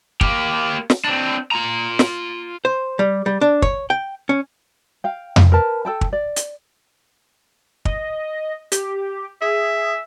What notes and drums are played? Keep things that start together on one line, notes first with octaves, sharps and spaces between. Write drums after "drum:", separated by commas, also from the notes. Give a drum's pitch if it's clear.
A#3 G4, drum: kick
drum: snare
C4 D4
F4 A#5
drum: snare
C5
G3
G3
D4
C#5, drum: kick
G5
C#4
F5 G5
drum: tom F2
A#4 B4 A5
A4 G5 A5
drum: kick
D5
drum: hi-hat
D#5, drum: kick
G4, drum: hi-hat
G#4 E5